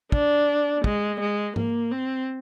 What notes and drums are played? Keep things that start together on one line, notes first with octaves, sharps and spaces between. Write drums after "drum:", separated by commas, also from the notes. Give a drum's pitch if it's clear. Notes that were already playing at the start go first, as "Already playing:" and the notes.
D4, drum: kick
G#3, drum: kick
G#3
A#3, drum: tom G#2
C4